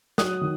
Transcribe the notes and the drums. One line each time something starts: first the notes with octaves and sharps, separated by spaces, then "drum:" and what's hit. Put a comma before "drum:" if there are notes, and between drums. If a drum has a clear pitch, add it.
F#3 D#6 F#6, drum: snare
D#3